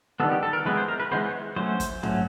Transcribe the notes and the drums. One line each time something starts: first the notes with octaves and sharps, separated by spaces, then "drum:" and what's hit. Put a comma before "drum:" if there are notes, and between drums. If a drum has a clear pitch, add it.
D#3 G3 B3 A4
G4
A4
A#4
E3 G#3 B3 B4
C5
A#4
B4
E3 G#3 B3 C5
C#5
F#3 A3 C#4 C5
drum: kick, hi-hat
F#3 A3 C#4, drum: tom